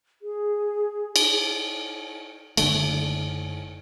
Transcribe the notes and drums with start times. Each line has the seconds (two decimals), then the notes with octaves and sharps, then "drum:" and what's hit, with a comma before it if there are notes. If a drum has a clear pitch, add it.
0.22 G#4
1.16 drum: cymbal
2.57 F#1 D3 A3, drum: cymbal